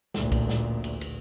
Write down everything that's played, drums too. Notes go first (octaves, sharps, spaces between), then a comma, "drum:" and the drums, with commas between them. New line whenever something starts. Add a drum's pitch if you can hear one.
A1 D2 A#2, drum: snare
drum: kick B1, cymbal
drum: snare
drum: cymbal
drum: cymbal